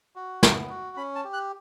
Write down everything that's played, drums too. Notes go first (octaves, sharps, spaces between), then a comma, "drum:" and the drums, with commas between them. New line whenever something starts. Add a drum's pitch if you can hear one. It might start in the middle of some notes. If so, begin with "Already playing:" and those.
F#4
B3, drum: snare
F#4
C#4 B5
A5
G4
F#6